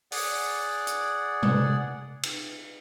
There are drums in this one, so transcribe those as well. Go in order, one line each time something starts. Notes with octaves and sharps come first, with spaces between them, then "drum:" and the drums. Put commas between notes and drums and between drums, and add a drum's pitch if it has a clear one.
G#4 D5 F#5, drum: open hi-hat
drum: hi-hat
drum: tom
drum: cymbal